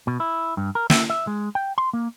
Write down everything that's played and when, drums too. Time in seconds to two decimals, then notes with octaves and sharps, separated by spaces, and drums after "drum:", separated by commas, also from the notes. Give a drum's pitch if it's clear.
0.07 B2
0.20 E4
0.57 G2
0.75 A#4
0.90 E5, drum: snare
1.10 E5
1.27 G#3
1.55 G5
1.78 C6
1.93 A#3